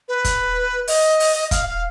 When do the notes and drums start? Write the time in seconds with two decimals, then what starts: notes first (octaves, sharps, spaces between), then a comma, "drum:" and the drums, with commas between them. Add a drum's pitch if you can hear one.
0.08 B4
0.24 drum: kick, hi-hat
0.88 D#5, drum: open hi-hat
1.20 drum: open hi-hat
1.51 F5, drum: kick, hi-hat
1.67 F5